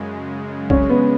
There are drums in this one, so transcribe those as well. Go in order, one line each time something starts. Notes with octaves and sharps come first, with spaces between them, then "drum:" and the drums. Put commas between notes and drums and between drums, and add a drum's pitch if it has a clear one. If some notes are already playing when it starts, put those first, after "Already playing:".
Already playing: F#2 C#3 G#3
C#4, drum: kick B1
B3